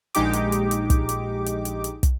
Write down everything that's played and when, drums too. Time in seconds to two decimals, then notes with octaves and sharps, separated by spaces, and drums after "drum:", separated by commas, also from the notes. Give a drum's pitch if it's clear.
0.15 A#1 G#3 D#4 G4 D6, drum: hi-hat
0.33 drum: hi-hat
0.52 drum: hi-hat
0.71 drum: hi-hat
0.90 drum: kick, hi-hat
1.09 drum: hi-hat
1.46 drum: hi-hat
1.65 drum: hi-hat
1.84 drum: hi-hat
2.03 drum: kick, hi-hat